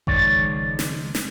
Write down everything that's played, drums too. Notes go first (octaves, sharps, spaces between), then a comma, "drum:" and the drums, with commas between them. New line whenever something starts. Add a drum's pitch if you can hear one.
C#2 D#3 F3 G#3 C#5 D5, drum: kick G#1
drum: snare
drum: snare